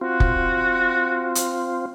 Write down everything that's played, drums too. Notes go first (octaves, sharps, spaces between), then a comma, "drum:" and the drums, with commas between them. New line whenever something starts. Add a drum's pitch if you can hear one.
C4 F4 F#4
drum: kick
drum: hi-hat